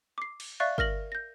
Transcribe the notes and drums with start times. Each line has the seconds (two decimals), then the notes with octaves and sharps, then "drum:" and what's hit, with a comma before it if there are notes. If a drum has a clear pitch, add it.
0.18 D6 C7
0.40 drum: cymbal
0.60 D5 E5 F5 C#6 F#6 A6
0.78 A#4 F6 A#6 F#7, drum: kick G1
1.12 G6 A#6